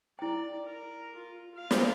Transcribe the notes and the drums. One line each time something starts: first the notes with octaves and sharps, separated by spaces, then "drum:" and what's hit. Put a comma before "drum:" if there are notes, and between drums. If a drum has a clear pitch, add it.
E4 D5 G5
A#4
F4
F5
drum: snare